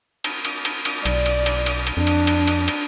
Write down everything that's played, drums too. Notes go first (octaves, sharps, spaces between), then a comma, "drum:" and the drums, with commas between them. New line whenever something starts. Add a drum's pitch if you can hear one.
drum: cymbal
drum: cymbal
drum: cymbal
drum: cymbal
B1 D5, drum: cymbal
drum: cymbal
drum: cymbal
drum: cymbal
drum: cymbal
F2 D4
drum: cymbal
drum: cymbal
drum: cymbal
drum: cymbal